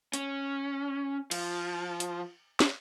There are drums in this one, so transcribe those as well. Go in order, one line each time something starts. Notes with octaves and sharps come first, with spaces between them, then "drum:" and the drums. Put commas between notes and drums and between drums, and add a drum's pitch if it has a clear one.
C#4, drum: hi-hat
F3, drum: cymbal
drum: hi-hat
drum: snare